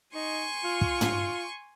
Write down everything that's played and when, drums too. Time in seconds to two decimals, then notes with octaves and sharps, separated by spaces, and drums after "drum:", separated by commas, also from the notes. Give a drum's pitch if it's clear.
0.15 D#4 G#5 C6 C#6
0.64 F4
0.81 drum: kick
1.01 drum: tom